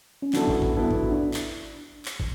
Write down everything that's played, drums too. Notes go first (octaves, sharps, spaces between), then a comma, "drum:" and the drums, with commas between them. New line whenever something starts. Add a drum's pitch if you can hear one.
C#4
F#3 B3 D4 E4 A4, drum: clap
drum: kick
drum: kick
F#3 B3 E4 A4
drum: kick
D4
drum: clap
drum: clap
drum: kick